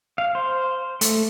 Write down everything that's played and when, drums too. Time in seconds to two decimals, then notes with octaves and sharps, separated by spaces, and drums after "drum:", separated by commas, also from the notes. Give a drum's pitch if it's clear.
0.18 F5
0.35 C5
1.01 A3, drum: hi-hat